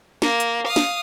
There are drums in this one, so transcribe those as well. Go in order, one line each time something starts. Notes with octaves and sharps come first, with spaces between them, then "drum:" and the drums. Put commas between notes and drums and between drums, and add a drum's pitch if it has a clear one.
A#3, drum: snare
drum: hi-hat
F5 D#6
drum: snare